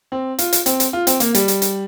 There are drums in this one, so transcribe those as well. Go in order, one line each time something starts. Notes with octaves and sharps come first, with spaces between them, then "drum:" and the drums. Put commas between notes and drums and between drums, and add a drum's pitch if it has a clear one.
C4
F4, drum: hi-hat
drum: hi-hat
C4, drum: hi-hat
drum: hi-hat
F4
C4, drum: hi-hat
A#3, drum: hi-hat
G3, drum: hi-hat
drum: hi-hat
drum: hi-hat